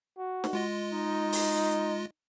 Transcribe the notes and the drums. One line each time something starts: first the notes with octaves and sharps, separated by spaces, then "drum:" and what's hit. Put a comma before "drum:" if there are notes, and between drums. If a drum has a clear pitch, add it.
F#4
drum: snare
G#3 F4 D#5
D#4
drum: open hi-hat